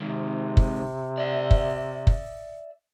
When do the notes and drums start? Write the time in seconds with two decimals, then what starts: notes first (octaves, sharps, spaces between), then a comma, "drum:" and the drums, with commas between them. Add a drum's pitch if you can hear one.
0.01 G#2 C3 D#3
0.57 drum: kick
1.18 D5 E5
1.51 drum: kick
2.07 drum: kick